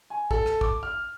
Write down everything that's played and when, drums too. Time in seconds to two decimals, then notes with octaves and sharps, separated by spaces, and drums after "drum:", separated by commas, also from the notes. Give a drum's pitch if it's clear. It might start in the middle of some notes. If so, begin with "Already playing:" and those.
0.10 G#5
0.31 A4, drum: kick
0.46 drum: rim click
0.61 D6, drum: kick
0.83 F6